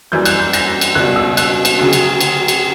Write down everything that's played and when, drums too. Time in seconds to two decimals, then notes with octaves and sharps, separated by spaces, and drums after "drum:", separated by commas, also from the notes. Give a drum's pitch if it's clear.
0.12 F#2 E3 G3 G6
0.25 F#6, drum: cymbal
0.40 G6
0.53 A#6, drum: cymbal
0.81 drum: cymbal
0.95 C#2 B2 G3 F#6
1.16 E6
1.37 F#6, drum: cymbal
1.65 drum: cymbal
1.79 D2 C#3 F#3
1.93 drum: cymbal
2.21 drum: cymbal
2.48 drum: cymbal